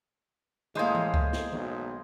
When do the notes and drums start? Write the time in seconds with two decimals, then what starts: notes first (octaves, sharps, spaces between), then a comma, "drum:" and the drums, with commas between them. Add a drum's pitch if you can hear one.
0.75 A2 G#3 A#3 G#4 C5 D#5
0.95 drum: tom E3
1.14 drum: kick C#2
1.33 drum: snare
1.52 B1, drum: tom D#3